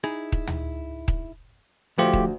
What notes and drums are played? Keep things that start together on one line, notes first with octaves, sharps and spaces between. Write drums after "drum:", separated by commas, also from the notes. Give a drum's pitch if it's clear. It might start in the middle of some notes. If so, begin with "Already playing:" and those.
D#4 E4 G#4
drum: kick D#1
drum: tom D2
drum: kick D#1
D2 F3 A3 F4 G4 C5
drum: kick D#1